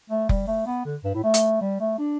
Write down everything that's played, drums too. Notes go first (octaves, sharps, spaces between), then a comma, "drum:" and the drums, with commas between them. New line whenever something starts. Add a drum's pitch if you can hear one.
A3
G3, drum: kick F1
A3
B3
D3
G2
A2
A3
drum: hi-hat
G3
A3
D4